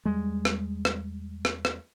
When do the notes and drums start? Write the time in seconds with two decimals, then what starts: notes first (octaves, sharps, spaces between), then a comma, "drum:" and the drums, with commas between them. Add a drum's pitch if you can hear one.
0.05 E2 G3 G#3
0.45 drum: rim click
0.85 drum: rim click
1.45 drum: rim click
1.65 drum: rim click